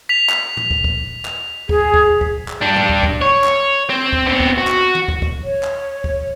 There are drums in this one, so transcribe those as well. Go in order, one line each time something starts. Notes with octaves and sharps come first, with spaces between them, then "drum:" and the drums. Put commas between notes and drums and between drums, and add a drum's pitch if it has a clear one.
B6 F7
drum: clap
drum: tom
drum: kick
drum: kick
drum: clap
G#4, drum: kick
drum: kick
drum: kick
drum: clap
G3 D4
drum: tom
drum: kick
drum: kick
C#5
drum: clap
C4
drum: kick
B3 C4
drum: kick
F#4
drum: clap
drum: tom
drum: kick
drum: kick
C#5
drum: clap
drum: kick